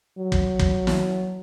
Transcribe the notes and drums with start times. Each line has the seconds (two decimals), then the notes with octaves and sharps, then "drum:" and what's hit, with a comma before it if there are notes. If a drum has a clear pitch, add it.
0.18 F#3
0.32 drum: kick
0.59 drum: kick
0.87 drum: snare